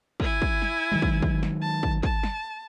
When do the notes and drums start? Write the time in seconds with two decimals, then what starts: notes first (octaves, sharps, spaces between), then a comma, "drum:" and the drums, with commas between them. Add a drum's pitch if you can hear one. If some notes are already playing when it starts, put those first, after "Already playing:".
0.20 E4 G#5, drum: kick
0.42 drum: kick
0.62 drum: snare
0.92 D#3 F#3 G#3
1.02 drum: kick
1.22 drum: kick
1.43 drum: snare
1.62 A5
1.83 drum: kick
2.03 A5, drum: kick
2.23 drum: snare